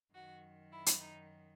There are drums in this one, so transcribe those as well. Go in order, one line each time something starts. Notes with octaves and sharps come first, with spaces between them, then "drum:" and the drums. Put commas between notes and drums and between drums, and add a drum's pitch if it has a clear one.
F#2 D#3 F#3 F#4
E4
drum: hi-hat
D#4